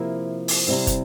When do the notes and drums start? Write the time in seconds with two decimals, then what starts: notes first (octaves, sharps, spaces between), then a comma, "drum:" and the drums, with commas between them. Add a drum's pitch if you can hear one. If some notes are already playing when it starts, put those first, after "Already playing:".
Already playing: C3 F3 A#3 E4
0.48 drum: open hi-hat
0.68 C3 G3 C4 E4
0.87 drum: kick, hi-hat